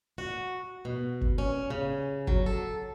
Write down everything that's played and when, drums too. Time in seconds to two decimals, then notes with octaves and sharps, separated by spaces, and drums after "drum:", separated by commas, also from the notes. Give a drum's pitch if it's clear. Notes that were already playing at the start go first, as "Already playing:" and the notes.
0.18 F#4
0.85 B2
1.21 drum: kick G#1
1.38 C#4
1.70 C#3
2.27 F#3, drum: kick G#1
2.46 A4